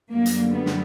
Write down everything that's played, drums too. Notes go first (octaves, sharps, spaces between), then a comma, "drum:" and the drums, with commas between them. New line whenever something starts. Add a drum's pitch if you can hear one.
F#2 D3 G3 A#3
drum: hi-hat
B3
drum: snare